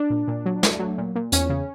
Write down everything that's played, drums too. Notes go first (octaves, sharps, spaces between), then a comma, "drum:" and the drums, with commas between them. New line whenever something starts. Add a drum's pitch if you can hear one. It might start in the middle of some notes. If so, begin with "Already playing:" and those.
Already playing: D4
A#2
A#2
F#3
A3, drum: snare
F#3
A#2
A#2
E2 C#4, drum: hi-hat
C#3